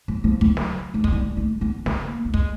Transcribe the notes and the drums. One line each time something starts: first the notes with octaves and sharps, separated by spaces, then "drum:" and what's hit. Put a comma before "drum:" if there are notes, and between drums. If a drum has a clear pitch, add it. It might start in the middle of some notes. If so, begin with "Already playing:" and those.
F#3
F3
F#3, drum: kick
drum: snare
A3
G#3, drum: kick
G3
A3
B3
A#3, drum: snare
A3
G#3, drum: kick